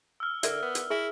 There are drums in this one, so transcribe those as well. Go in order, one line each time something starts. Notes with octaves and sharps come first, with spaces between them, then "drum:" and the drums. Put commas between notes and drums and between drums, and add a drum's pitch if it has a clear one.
E6 F6
D3 A#4 D5 E5, drum: hi-hat
B3
drum: hi-hat
E4 G#4 E5 G#5